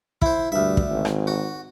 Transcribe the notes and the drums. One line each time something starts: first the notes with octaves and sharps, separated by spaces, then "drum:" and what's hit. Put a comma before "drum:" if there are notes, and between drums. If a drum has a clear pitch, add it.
E4 C5, drum: kick
D2 G2 E5
drum: kick
G#1
drum: rim click
F#4